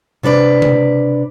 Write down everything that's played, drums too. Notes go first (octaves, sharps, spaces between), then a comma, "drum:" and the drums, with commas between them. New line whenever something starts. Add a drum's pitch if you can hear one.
C3 D4 B4 D5
drum: tom C#3